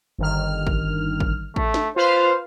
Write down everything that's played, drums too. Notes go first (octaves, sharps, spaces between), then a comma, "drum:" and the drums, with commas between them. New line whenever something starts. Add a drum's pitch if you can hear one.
G1 D#3 F6
drum: kick A1
drum: kick A1
A3, drum: kick A1
drum: snare
F4 B4 C5 F5